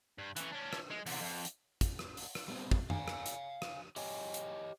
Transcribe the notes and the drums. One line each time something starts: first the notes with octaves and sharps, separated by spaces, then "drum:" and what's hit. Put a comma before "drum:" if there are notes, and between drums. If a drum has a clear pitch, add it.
G2
E3 C#4, drum: hi-hat
C#4 D4
drum: rim click
G#3
E2 C3, drum: open hi-hat
F2
drum: hi-hat
drum: kick, hi-hat
drum: rim click
drum: open hi-hat
drum: rim click
G3 B3 C4
drum: kick
F5 G#5, drum: tom F#2
drum: rim click
drum: hi-hat
drum: rim click
G4 C#5 D#5 G5 G#5, drum: open hi-hat
drum: hi-hat